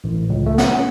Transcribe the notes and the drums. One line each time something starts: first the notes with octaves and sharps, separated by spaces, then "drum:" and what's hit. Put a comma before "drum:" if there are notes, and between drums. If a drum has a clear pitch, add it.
A1
C#2
A3
F#5, drum: snare
C#4